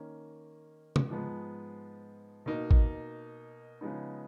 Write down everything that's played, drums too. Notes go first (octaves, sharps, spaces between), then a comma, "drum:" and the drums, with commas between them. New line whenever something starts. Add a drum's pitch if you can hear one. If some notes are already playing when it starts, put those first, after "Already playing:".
Already playing: D#3 A#3 C#4
drum: tom
G#2 F3 G#3 B3
B2 A#3 D#4
drum: kick A1
C#3 F3 G#3 B3 D#4